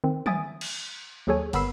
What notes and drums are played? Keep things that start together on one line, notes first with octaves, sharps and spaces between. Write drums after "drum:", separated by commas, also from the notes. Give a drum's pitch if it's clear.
D#3 C4
E5 G#5 D#6 A6 D7, drum: tom
drum: cymbal
D#2 F#3 G#4 A4 C#5 G#5
G1 B3 A#4 B5 E6 C7, drum: cymbal